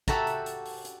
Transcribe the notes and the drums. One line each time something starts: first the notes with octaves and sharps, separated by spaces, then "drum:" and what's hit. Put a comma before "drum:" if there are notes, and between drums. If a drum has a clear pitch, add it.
F#4 G4 A4 E5 A5 A#5, drum: kick, hi-hat
drum: hi-hat
drum: hi-hat
drum: open hi-hat
drum: hi-hat